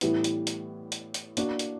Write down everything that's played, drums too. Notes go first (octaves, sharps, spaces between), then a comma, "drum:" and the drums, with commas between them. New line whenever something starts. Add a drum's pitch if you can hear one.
A2 E3 G3 B3 E4, drum: hi-hat
drum: hi-hat
drum: hi-hat
drum: hi-hat
drum: hi-hat
A#3 D4 F#4, drum: hi-hat
drum: hi-hat